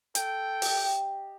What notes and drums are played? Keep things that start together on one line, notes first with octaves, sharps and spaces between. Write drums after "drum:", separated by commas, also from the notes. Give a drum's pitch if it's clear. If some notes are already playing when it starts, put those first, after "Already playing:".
A4 G5, drum: hi-hat
G4 D#5, drum: open hi-hat